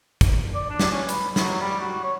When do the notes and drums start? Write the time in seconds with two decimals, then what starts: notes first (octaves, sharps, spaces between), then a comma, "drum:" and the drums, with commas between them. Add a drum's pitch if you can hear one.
0.21 drum: kick, hi-hat
0.54 D5
0.70 D4
0.79 drum: snare
0.91 C#4
1.09 B4, drum: hi-hat
1.36 F#3, drum: snare
1.61 G3
1.80 F#4
2.03 C#5